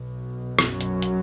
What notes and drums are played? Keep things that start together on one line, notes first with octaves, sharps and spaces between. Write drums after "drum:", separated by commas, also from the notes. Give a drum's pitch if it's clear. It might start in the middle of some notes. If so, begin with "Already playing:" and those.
Already playing: B1 B2
F#2 F#3, drum: rim click
drum: hi-hat
drum: hi-hat